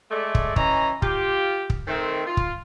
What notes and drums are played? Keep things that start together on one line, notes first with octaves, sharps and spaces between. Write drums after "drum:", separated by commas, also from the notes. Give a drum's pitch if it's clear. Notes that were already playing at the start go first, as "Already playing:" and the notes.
G#3 A3 D5
drum: kick
E3 C#4 C#5 D#5 A#5, drum: kick
F4 G4, drum: kick
drum: kick
D#3 A3 C4
F4
drum: kick